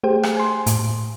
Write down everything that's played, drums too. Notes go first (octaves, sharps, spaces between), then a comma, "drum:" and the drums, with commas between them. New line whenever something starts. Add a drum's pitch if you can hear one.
A3 G4 G#4 C5 G5
drum: rim click
G#5 C6
A2, drum: hi-hat